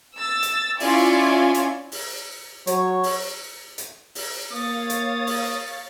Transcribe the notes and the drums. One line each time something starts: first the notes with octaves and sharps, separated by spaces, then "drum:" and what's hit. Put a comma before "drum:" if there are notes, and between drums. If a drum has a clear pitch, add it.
E6 A6
drum: hi-hat
C#4 E4 F4 D5 G#5, drum: open hi-hat
drum: hi-hat
drum: open hi-hat
F#3 C#5, drum: hi-hat
drum: open hi-hat
drum: hi-hat
drum: open hi-hat
A#3 C#5 F5 D#6 A6
drum: hi-hat
drum: open hi-hat